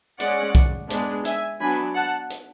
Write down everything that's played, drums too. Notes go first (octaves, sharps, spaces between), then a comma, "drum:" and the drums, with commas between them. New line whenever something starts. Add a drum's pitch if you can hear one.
G#3 C#4 D5 F#5, drum: hi-hat
drum: kick B1, hi-hat
G#3 B3 D4, drum: hi-hat
E5 G#5, drum: hi-hat
F#3 B3 D4 G#5 B5
F#5 A5
drum: hi-hat